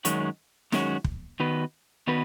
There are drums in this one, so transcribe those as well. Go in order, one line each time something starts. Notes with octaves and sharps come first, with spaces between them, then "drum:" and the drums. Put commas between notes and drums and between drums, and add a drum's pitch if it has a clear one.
F#2 D#3 G#3 C#4 F#4, drum: hi-hat
F#2 D#3 G#3 C#4 F#4, drum: snare
drum: kick
D#3 B3 F#4 B4
D#3 B3 F#4 B4